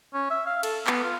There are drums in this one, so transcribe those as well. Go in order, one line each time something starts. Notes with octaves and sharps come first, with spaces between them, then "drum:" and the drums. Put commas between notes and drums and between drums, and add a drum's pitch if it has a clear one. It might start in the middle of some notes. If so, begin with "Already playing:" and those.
C#4
E5
F5
A4, drum: cymbal
B3, drum: clap
F4